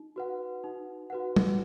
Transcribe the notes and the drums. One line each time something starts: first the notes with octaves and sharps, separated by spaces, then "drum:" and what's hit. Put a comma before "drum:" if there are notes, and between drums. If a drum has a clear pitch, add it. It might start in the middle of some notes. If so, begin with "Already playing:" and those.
Already playing: D#4
F#4 B4 F#5
D#4
F#4 B4 F#5
drum: tom